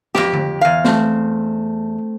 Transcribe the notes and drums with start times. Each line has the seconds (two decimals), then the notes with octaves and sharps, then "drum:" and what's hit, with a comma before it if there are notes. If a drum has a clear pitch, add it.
0.15 F2 G4, drum: snare
0.33 drum: tom D3
0.61 E2 F5
0.84 A3 C4, drum: snare